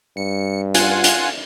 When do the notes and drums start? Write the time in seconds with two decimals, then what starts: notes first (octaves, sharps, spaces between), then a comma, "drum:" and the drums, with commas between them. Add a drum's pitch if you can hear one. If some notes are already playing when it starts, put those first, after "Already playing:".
0.17 G2 C#7
0.74 F4 F#5 G#5, drum: hi-hat
1.04 drum: hi-hat